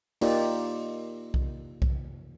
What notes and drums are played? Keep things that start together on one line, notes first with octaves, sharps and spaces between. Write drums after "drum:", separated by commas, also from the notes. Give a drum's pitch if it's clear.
A#3 D#4 F4 G4 D5, drum: open hi-hat
drum: kick B1
drum: kick B1